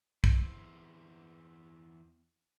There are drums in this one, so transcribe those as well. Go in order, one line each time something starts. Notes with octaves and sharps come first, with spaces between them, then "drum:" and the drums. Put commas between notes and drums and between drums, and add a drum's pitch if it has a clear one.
E2 C4, drum: kick